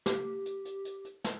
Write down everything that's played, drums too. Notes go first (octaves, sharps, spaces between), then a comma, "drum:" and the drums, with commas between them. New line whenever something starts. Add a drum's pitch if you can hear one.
G4, drum: snare
drum: hi-hat
drum: hi-hat
drum: hi-hat
drum: hi-hat
drum: snare